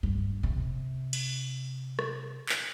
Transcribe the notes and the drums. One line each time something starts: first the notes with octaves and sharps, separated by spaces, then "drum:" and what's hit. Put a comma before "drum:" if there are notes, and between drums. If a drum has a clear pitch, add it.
G2
C3
drum: cymbal
drum: rim click
drum: clap